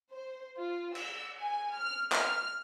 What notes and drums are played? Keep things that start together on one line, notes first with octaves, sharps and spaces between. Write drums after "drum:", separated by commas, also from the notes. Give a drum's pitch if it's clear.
C5
F4
E6, drum: cymbal
G#5
F6
F6, drum: clap